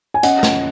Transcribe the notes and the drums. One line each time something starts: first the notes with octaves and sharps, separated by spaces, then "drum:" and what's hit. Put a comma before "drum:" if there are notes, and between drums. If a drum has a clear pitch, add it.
G#5
C#4 D#5 F#5, drum: hi-hat
drum: snare